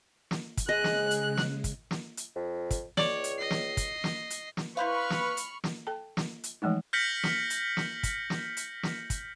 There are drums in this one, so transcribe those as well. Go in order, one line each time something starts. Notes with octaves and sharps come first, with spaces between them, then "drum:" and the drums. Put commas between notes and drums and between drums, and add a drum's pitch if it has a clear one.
drum: snare
drum: kick, hi-hat
C#3 G#3 G#4 D#5 F#6
drum: snare
drum: hi-hat
drum: snare
drum: kick, hi-hat
drum: snare
drum: hi-hat
F2
drum: kick, hi-hat
C#2 C#5 D5, drum: snare
drum: hi-hat
D#5 C7
drum: snare
drum: kick, hi-hat
drum: snare
drum: hi-hat
drum: snare
E4 B4 C5 F5 B5 C#6 F6
drum: snare
drum: hi-hat
drum: snare
A4 G5 A5
drum: snare
drum: hi-hat
E3 F3 G#3 A3 D#4
F6 G6 A#6 B6 C#7 F#7
drum: snare
drum: hi-hat
drum: snare
drum: kick, hi-hat
drum: snare
drum: hi-hat
drum: snare
drum: kick, hi-hat